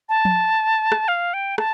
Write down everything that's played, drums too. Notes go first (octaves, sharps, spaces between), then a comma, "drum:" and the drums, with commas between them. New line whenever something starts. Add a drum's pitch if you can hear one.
A5
drum: tom F3
drum: rim click
F5
G5
A5, drum: rim click